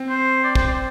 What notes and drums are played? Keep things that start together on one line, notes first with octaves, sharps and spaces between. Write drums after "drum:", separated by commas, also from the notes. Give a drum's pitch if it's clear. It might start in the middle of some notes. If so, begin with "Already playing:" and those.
Already playing: C4
C5
D5
C5, drum: kick
D5
C5